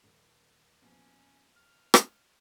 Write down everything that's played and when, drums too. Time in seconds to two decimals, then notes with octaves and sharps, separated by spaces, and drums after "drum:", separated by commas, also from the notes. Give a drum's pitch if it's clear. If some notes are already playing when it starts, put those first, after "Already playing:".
0.04 D#1
0.82 E2 A#2 F3 C#4
1.56 F6
1.94 drum: rim click